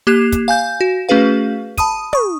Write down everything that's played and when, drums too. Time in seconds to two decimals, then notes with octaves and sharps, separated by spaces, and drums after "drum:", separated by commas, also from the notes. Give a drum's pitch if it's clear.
0.07 A#3 G4 F#6 C7 E7
0.32 drum: kick, hi-hat
0.48 F5 G#5 G6
0.81 F#4
1.09 A3 C#4 F#4 G#4 B4 F5
1.77 A5 B5 D#6 D#7, drum: kick, hi-hat
2.13 C#6 D#6, drum: tom